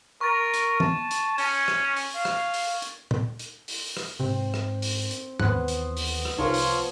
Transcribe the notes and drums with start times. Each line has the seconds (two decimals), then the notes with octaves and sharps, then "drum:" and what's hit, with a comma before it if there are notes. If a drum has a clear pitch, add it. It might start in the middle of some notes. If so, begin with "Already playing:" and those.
0.21 A#4 C#6 A6
0.54 drum: hi-hat
0.80 A5, drum: tom
1.11 drum: hi-hat
1.38 C#4 G#6, drum: open hi-hat
1.68 drum: rim click
1.97 drum: open hi-hat
2.15 F5
2.25 drum: rim click
2.54 drum: open hi-hat
2.82 drum: hi-hat
3.11 drum: tom
3.39 drum: hi-hat
3.68 drum: open hi-hat
3.97 drum: rim click
4.20 G#2 C3 C4
4.54 drum: rim click
4.82 drum: open hi-hat
5.11 drum: hi-hat
5.40 D#2 D#3 E3 B3 C5 F#6, drum: tom
5.68 drum: hi-hat
5.97 drum: open hi-hat
6.25 drum: rim click
6.39 C2 F3 D#4 F4 G#4 A#4 C#5
6.54 drum: open hi-hat